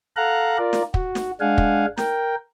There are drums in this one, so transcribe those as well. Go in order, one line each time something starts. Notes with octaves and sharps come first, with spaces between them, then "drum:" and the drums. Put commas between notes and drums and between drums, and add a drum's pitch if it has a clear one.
A4 F5 F#5 A#5 F#6
F4 A#4 D5
drum: snare
F#4, drum: kick
drum: snare
G#3 D4 F5 F#5 G#5
drum: kick
A#4 G5, drum: snare